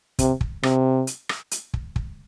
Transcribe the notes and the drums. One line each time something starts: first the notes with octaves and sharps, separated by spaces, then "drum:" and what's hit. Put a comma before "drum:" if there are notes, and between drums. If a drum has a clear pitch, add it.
C3, drum: kick, hi-hat
drum: kick
C3, drum: rim click
drum: hi-hat
drum: rim click
drum: hi-hat
drum: kick
drum: kick